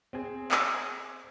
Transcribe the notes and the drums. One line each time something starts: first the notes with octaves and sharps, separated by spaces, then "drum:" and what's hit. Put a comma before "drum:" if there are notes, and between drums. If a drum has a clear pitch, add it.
C4 G#4
drum: clap